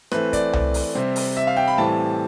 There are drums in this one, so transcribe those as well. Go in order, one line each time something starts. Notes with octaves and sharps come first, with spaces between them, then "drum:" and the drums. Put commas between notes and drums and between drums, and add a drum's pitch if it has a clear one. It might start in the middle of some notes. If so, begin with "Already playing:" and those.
E3 A3 C4 B4, drum: rim click
D5, drum: kick, hi-hat
drum: tom C2
drum: open hi-hat
C3 G3 C4
drum: open hi-hat
E5
F5
G5
B5
A2 E3 G3 C4 A5